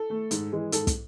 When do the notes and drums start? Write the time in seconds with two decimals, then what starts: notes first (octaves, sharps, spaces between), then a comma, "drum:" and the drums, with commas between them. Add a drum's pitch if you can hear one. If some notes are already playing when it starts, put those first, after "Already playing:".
Already playing: A4
0.10 A3
0.31 G#2, drum: hi-hat
0.52 E3 G#3
0.72 G#2 A4, drum: hi-hat
0.87 drum: kick, hi-hat